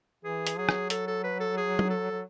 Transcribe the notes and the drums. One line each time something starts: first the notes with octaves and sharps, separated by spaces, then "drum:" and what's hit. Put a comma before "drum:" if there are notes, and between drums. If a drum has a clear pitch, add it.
E3 G#4
drum: hi-hat
F#3 G#4
drum: rim click
A4, drum: hi-hat
A4
B4
A4
G#4
drum: tom F#3
A4
F#3